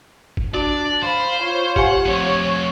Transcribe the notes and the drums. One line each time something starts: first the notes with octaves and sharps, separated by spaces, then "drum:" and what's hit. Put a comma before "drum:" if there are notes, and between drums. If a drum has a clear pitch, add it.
drum: kick
D4 F#4 D5
C5 F5 B5
F4 C#5
G4 F5 F#5 G#5, drum: kick
A3 C4 C#5